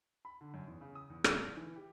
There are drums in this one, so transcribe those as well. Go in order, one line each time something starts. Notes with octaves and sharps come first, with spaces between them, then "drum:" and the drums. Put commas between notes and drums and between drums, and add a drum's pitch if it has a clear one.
B5
D3
F#2
E2
C#3
D#6
E2
A3, drum: rim click
A#1
E3
G4